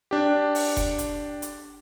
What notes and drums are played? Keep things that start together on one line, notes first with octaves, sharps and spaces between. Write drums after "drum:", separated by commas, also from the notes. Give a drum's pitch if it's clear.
D4 G4
drum: open hi-hat
drum: kick F1, hi-hat
drum: hi-hat
drum: hi-hat